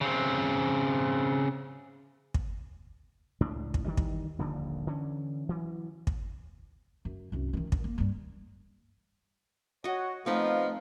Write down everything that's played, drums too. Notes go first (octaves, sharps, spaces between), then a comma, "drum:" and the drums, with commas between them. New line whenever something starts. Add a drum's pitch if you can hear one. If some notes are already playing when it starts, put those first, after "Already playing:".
C#3 C4
drum: kick
C#2 A2 D4
drum: kick
D#3 E3 G3
drum: kick
D#1 A#1 D#2 D3
D3 E3 C#4
E3 F#3
drum: kick
F#2
C2 F#2
D#3 E3
G2, drum: kick
A#3
G2 G3
F#4 C#5 D#5 F#5
F3 A3 B3 C4 D#4 B4 D#5 F5